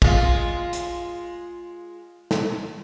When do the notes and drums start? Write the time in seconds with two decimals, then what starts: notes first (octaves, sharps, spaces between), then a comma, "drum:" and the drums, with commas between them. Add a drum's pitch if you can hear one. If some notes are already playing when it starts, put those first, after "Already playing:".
0.02 G#3 F4, drum: kick
0.73 drum: hi-hat
2.31 drum: snare